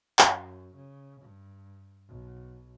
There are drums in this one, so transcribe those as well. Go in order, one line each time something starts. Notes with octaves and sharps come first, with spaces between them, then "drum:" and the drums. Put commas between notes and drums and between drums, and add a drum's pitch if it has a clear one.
F#2, drum: clap
C#3
G2
B1